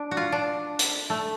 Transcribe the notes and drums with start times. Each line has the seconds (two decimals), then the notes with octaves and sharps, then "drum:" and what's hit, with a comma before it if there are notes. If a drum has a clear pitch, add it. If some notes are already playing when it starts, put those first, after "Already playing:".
Already playing: D4
0.11 F#4
0.17 F4
0.32 D4
0.79 drum: hi-hat
1.10 A3